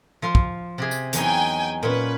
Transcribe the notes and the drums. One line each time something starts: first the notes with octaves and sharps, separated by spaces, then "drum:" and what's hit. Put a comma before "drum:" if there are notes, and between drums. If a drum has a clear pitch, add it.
F3 F5 C6
drum: kick
C3 G4 G#4
drum: tambourine
E2 F#3 D#4 G5 G#5, drum: hi-hat
A#2 C#4 B4